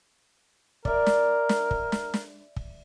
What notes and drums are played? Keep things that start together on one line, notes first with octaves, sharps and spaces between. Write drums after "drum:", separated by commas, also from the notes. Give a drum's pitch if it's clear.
A#4 D5 E5, drum: kick
drum: snare
drum: snare
drum: kick
drum: snare
drum: snare
drum: kick